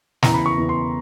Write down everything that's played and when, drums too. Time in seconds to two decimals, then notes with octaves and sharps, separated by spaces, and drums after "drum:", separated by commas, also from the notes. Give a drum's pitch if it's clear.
0.23 E2 C#3 E3 A#5, drum: snare
0.34 B5
0.46 C#6
0.58 E2 C#3 E3
0.69 C6